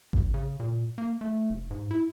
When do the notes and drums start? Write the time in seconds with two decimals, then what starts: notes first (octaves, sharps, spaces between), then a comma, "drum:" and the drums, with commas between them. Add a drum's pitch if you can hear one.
0.13 A1, drum: kick G#1
0.34 C#3
0.60 A#2
0.98 A#3
1.21 A3
1.50 F1
1.71 G#2
1.91 E4